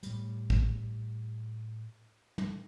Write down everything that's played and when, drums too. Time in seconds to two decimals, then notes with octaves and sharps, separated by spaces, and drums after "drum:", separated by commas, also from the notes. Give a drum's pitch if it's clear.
0.03 A2 G3, drum: hi-hat
0.50 drum: kick
2.38 drum: tom